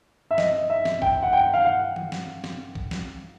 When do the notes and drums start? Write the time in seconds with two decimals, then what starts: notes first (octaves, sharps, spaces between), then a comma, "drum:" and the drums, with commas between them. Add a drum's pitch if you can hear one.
0.31 E5
0.38 D#5, drum: snare
0.70 E5
0.85 drum: snare
1.02 G5, drum: kick
1.23 F#5
1.33 G5
1.54 F5
1.64 F#5
1.96 drum: tom D#3
2.12 drum: snare
2.44 drum: snare
2.75 drum: kick
2.91 drum: snare